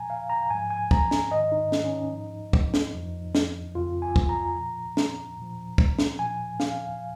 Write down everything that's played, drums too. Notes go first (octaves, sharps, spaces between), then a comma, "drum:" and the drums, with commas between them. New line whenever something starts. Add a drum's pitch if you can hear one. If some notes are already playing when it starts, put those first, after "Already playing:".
Already playing: A#2 F3 G#5 A#5
F5
A#5
G#2 F3 G#5
G#5
A#5, drum: kick
drum: snare
G#2 D#3 D#5
D#4
drum: snare
C#4
D#4
G#2 F3
drum: kick
drum: snare
F2 F3
drum: snare
F2 C#3 F3 F4
G#5
drum: kick
A#5
A#2 F3
drum: snare
A#2 F3
drum: kick
drum: snare
A#2 F3 G#5
F5, drum: snare